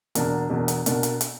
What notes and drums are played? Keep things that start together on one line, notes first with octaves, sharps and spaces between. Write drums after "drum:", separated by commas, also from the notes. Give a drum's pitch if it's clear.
E2 B2 A#3 D4, drum: hi-hat
E2 B2 A#3 D4
drum: hi-hat
B2 A#3 D4, drum: hi-hat
drum: hi-hat
drum: hi-hat